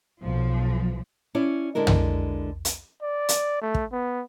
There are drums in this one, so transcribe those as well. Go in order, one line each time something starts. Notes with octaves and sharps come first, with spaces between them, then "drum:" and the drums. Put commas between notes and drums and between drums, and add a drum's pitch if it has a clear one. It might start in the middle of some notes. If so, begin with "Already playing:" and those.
B1 F3
C#4 E4 C#5 D5
D3 G#3 E4 A#4
drum: tom
drum: hi-hat
D5
drum: hi-hat
A3
drum: kick
B3